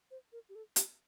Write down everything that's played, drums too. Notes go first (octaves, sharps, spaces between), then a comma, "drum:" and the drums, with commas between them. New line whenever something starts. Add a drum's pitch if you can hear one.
C5
A#4
G4
A4
G4, drum: hi-hat